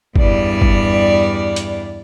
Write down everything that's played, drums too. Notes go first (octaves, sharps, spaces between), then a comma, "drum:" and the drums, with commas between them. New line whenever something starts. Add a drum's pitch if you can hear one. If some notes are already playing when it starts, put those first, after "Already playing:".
E2 G2 G3 D5, drum: kick
drum: kick
drum: hi-hat